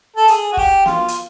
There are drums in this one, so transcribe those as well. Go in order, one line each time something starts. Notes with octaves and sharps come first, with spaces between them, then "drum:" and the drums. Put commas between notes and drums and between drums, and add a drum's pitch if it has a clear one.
A4
G#4, drum: hi-hat
F#4
G4, drum: kick
F4, drum: snare
drum: hi-hat